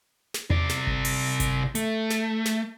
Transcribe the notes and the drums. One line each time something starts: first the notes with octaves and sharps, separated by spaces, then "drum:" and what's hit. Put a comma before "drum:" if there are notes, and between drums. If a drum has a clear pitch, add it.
drum: snare
C3 D5, drum: tom E2
drum: snare
drum: kick G1
drum: open hi-hat
drum: kick G1, hi-hat
A3, drum: hi-hat
drum: snare
drum: snare